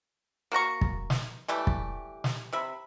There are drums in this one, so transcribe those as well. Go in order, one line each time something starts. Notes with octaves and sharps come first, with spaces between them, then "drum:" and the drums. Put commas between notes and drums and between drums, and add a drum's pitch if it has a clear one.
A#3 F#4 A#5 C#6
drum: kick
drum: snare
E3 G3 A3 G4
drum: kick
drum: snare
C3 E5 B5